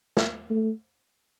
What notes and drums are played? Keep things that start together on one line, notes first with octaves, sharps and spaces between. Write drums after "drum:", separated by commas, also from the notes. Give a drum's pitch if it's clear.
drum: snare
A3